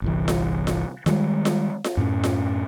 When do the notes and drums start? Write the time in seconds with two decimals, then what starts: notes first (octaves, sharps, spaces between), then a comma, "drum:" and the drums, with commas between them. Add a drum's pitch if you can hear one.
0.02 G1 C2 E3
0.28 drum: snare F4
0.67 drum: snare F4
1.06 D#3 E3 G3 G#3, drum: snare F4
1.45 drum: snare F4
1.84 drum: snare F4
1.97 F#2 A2 B3 C#4
2.24 drum: snare F4